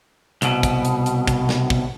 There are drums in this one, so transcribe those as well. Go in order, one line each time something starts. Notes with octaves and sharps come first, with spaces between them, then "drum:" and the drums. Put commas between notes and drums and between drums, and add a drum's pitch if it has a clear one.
C2 B2, drum: hi-hat
drum: kick, hi-hat
drum: hi-hat
drum: hi-hat
drum: kick, hi-hat
drum: snare
drum: kick